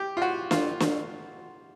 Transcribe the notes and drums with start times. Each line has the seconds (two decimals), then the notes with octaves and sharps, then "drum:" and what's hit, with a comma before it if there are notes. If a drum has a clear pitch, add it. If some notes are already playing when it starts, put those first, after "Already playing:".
Already playing: G4
0.17 F4
0.22 F#4
0.51 F4, drum: snare
0.80 drum: snare